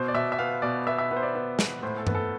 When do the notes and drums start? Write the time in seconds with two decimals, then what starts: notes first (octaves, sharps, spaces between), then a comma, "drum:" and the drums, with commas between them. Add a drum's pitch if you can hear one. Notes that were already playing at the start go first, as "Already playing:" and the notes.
Already playing: B2 C5
0.08 D5
0.14 B2 E5
0.32 E5
0.38 B3 F5
0.62 B2 D5
0.87 B3 E5
0.98 E5
1.11 B3
1.16 C5
1.23 D5
1.35 B3
1.59 B3, drum: snare
1.83 A2 C5
1.98 A4
2.07 B3, drum: tom G2
2.15 A4